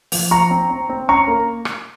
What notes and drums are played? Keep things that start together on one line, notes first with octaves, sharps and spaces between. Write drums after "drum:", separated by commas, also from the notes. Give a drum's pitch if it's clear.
F3, drum: open hi-hat
F3 A#5 C#6
C4
C4
C4
C#4 A#5 C#6
A#3
drum: rim click